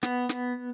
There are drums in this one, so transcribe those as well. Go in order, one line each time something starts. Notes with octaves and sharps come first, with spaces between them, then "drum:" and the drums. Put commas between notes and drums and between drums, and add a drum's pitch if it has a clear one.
B3, drum: snare
drum: snare